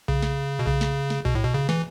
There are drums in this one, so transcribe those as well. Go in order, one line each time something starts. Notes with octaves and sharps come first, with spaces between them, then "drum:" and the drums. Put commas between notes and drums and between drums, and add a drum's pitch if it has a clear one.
C#3, drum: kick B1
drum: snare
B2
C#3, drum: kick B1
drum: snare
drum: snare
B2, drum: kick B1
A2
B2
C#3
E3, drum: snare